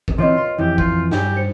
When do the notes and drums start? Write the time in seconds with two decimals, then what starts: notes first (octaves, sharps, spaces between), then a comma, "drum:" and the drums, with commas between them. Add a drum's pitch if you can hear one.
0.08 drum: kick A#1
0.18 D3 E3 C4 F4 B4 C#5 D#5
0.37 C6
0.58 F2 E3 G4
0.78 F4 G6, drum: kick A#1
1.11 G2 F#3 G4 G#5, drum: snare
1.36 C5 C#7